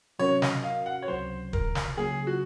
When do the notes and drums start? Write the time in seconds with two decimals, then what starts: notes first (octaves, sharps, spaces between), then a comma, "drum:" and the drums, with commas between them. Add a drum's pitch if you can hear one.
0.19 C3 F#3 C#4 F#4 A#4 C#5
0.42 D#5, drum: snare
0.63 F5
0.86 F#5
1.02 C#5
1.08 C#2 C3 F#3 C5
1.53 A#4, drum: kick
1.75 drum: snare
1.97 C#3 F#3 A#3 C#4 G#4
2.27 F#4